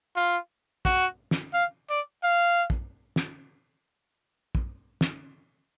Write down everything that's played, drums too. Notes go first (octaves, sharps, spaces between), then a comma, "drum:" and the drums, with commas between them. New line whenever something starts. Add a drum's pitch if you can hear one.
F4
F#4, drum: kick
drum: snare
F5
D5
F5
drum: kick
drum: snare
drum: kick
drum: snare